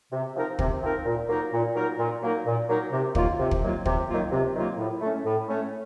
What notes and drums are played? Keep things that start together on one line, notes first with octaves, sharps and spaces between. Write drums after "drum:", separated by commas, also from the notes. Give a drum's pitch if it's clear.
C3
F3 C4 D#4 A#4
C3, drum: kick
F3 C4 D#4 A#4
A#2
F#3 A#3 D#4 A#4
A#2
F#3 A#3 D#4 A#4
A#2
F#3 A#3 D#4 A#4
A#2
F#3 A#3 D#4 A#4
C3
D#3 F#3 A#3 F4, drum: kick
C3
drum: kick
D#3 F#3 A#3 F4
C3, drum: kick
D#3 F#3 A#3 F4
C3
D#3 F#3 A#3 F4
A2
A3 C#4
A2
A3 C#4